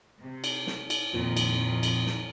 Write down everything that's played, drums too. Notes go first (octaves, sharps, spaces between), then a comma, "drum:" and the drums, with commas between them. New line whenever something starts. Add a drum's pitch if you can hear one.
C3
drum: cymbal
drum: snare
drum: cymbal
F2 A#2 D#3 F3
drum: cymbal
drum: cymbal
drum: snare